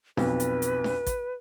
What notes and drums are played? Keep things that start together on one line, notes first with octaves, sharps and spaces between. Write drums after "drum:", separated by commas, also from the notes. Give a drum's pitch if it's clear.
B1 F2 B4, drum: snare D4
drum: hi-hat
drum: hi-hat
drum: snare D4
drum: kick, hi-hat